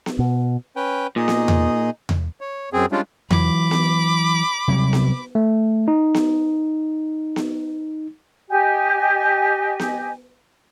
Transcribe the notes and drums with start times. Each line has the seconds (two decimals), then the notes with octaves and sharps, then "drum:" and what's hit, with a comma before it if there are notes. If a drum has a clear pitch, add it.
0.06 drum: snare B3
0.19 B2
0.76 C#4 B4 G5
1.16 A#2 D#4 G#4 D#5
1.28 drum: snare B3
1.48 drum: tom E2
2.09 drum: tom E2
2.41 C#5
2.73 F#2 C4 G#4
2.92 G3 G#3 C#4 D4 F4
3.31 E3 F#3 B5 D6, drum: tom E2
3.71 drum: snare B3
4.68 C3 F#3 G3
4.93 drum: snare B3
5.35 A3
5.88 D#4
6.14 drum: snare B3
7.36 drum: snare B3
8.49 G4 D#5 G#5
9.79 drum: snare B3